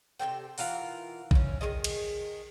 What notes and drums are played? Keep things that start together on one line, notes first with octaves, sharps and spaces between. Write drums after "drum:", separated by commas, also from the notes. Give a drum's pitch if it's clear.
C3 A#3 A4 G5
E3 F4 A#4 F#5, drum: open hi-hat
E3 C#4, drum: kick A#1
D#3 G4 G#4 D#5
drum: cymbal